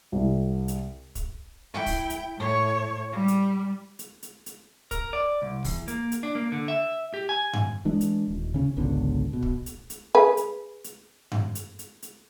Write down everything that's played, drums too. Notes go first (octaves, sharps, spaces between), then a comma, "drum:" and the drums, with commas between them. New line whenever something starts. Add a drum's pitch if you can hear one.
C2
drum: hi-hat
drum: kick, hi-hat
E4 G5
drum: kick, open hi-hat
drum: hi-hat
A2 C#5
G3
drum: hi-hat
drum: hi-hat
drum: hi-hat
drum: hi-hat
A#4, drum: kick, hi-hat
D5
C2
E2, drum: kick, open hi-hat
A#3, drum: hi-hat
drum: hi-hat
D4
A#3
D3
E5
G4
G#5
drum: tom G2
E3 G#3 D4
drum: hi-hat
D#1
C#3 C#4
G#1 C#2 B2 D3
B2
drum: kick
drum: hi-hat
drum: hi-hat
G#4 B4
drum: hi-hat
drum: hi-hat
drum: tom G2
drum: hi-hat
drum: hi-hat
drum: hi-hat